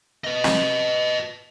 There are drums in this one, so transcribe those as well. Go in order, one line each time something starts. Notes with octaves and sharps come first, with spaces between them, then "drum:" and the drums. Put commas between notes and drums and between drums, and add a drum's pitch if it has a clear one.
B4 D#5
drum: snare